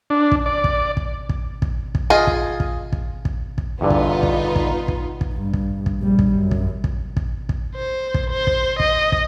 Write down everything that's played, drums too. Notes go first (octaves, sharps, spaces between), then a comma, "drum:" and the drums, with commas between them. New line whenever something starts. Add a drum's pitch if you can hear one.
D4
drum: kick
D5
drum: kick
drum: kick
drum: kick
drum: kick
drum: kick
F4 G#4 D#5
drum: kick
drum: kick
drum: kick
drum: kick
drum: kick
E2 G2 D3 B3 D#4 F4
drum: kick
drum: kick
drum: kick
drum: kick
drum: kick
G2
drum: kick
drum: kick
A#1 G3
drum: kick
F#2
drum: kick
drum: kick
drum: kick
drum: kick
C5
drum: kick
C5
drum: kick
D#5, drum: kick
drum: kick